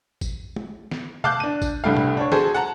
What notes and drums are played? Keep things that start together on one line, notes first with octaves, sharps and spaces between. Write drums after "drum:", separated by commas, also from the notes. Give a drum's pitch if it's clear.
drum: kick, tambourine
drum: tom
drum: snare
F5 A5 D6 F#6 G6, drum: tom
D4 D#7
drum: kick, tambourine
C2 G2 G3 A3 F5
drum: tom
D4 C#5
F#4 G#4 A4 C5, drum: snare
F#5 A5 A#5